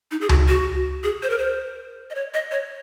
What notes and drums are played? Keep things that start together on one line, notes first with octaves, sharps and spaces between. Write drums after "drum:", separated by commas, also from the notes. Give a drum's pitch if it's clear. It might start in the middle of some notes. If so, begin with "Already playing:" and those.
D#4
G#4
F#4, drum: tom C#2
F#4
G#4
C5
A#4
C5
D#5
C#5
D#5
C#5